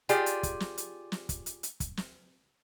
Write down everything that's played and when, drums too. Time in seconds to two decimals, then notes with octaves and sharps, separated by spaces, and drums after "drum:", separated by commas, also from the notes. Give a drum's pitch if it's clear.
0.09 F4 G4 G#4 D5, drum: hi-hat
0.26 drum: hi-hat
0.43 drum: kick, hi-hat
0.60 drum: snare
0.78 drum: hi-hat
1.12 drum: snare
1.29 drum: kick, hi-hat
1.46 drum: hi-hat
1.63 drum: hi-hat
1.80 drum: kick, hi-hat
1.97 drum: snare